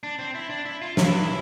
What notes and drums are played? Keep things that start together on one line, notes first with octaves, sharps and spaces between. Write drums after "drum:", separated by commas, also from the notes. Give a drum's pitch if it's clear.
D4
C4
E4
D4
E4
F4
E4, drum: snare